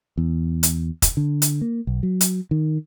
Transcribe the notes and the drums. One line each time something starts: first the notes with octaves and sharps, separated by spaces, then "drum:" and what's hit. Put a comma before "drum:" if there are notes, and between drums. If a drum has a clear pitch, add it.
E2
drum: hi-hat
drum: kick F1, hi-hat
D3
drum: hi-hat
A#3
B1
F#3
drum: hi-hat
D#3